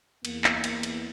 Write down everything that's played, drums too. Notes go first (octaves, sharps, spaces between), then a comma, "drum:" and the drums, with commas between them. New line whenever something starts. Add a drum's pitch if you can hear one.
E2 A#3, drum: cymbal
drum: clap
drum: cymbal
drum: cymbal